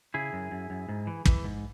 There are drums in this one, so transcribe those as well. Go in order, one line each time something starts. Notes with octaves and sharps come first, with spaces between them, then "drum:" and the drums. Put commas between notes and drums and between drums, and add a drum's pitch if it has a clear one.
C#3 E4 G#4
F#2
F#2
F#2
G#2
E3
E3, drum: kick
G#2